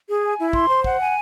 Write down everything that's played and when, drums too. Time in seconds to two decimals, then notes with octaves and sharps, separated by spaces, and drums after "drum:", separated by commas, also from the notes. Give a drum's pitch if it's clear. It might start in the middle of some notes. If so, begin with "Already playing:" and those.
0.09 G#4
0.23 G#5
0.38 E4
0.53 C6, drum: kick
0.69 C5
0.84 F#5, drum: kick
1.00 G#5